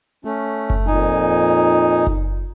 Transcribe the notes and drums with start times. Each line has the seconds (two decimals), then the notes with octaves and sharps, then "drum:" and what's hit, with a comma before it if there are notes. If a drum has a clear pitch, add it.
0.25 A3 C#4
0.70 drum: kick F#1
0.87 F2 A#2 D#4 G#5
2.07 drum: kick F#1